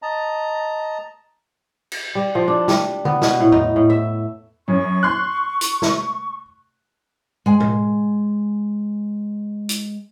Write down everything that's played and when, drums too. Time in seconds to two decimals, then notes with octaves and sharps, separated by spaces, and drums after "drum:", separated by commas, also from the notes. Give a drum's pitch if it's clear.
0.02 D#5 A5 A#5
1.92 drum: cymbal
2.15 G3
2.35 F3
2.48 D4
2.68 G3, drum: snare
3.05 B3, drum: tom C#3
3.22 B2, drum: snare
3.40 A2
3.52 D#4, drum: tom E2
3.76 A2
3.90 E5
4.68 F#2 C#4 C#6
5.03 C6 F#6
5.61 drum: hi-hat
5.82 drum: snare
7.46 G#3 G#5
7.60 drum: tom A2
9.69 drum: hi-hat